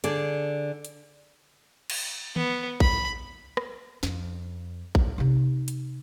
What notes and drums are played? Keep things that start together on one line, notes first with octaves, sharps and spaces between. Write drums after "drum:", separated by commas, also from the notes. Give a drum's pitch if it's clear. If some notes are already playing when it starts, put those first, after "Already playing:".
D3 G#4 D5, drum: hi-hat
drum: hi-hat
drum: cymbal
B3, drum: tom D#3
B5, drum: kick A#1
drum: rim click
F2, drum: snare
drum: kick A#1
C3 D#4
drum: hi-hat